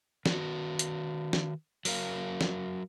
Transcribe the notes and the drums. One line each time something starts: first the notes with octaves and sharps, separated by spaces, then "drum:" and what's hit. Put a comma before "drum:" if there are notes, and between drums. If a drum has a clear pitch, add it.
D#3 F#4 B4, drum: snare
drum: hi-hat
drum: snare
F#3 A#4 F5, drum: open hi-hat
drum: snare